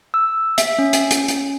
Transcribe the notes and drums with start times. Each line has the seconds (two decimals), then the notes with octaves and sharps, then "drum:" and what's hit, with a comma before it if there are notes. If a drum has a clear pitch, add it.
0.14 E6
0.58 E5, drum: hi-hat
0.78 C#4
0.93 drum: hi-hat
1.11 drum: hi-hat
1.28 drum: hi-hat